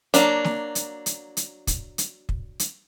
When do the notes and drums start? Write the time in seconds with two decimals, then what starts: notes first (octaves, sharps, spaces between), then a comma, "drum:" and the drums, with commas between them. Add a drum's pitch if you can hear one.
0.14 F#3 A#3 D4, drum: hi-hat
0.44 drum: snare
0.75 drum: hi-hat
1.06 drum: hi-hat
1.37 drum: hi-hat
1.67 drum: kick, hi-hat
1.98 drum: hi-hat
2.29 drum: kick
2.60 drum: hi-hat